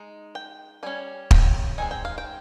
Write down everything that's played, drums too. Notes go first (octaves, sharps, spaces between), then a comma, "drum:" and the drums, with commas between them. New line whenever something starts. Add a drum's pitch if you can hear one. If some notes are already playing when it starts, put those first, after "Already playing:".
Already playing: G#3 D#4
G5
G3 C#4 G#5
G5, drum: kick
G#3 C4 D#4 G#5
G5
F5
G5